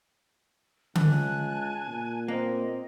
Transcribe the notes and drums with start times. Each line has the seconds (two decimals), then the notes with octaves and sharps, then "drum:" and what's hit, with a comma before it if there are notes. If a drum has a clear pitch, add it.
0.95 C#2 G#5 A5 F#6, drum: tom D3
1.88 A#2
2.28 A#3 C4 D#5